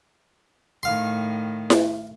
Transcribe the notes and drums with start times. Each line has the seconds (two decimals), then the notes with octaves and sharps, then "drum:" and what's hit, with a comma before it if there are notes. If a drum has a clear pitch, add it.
0.83 A2 D#3 F5 C6
1.70 drum: snare E4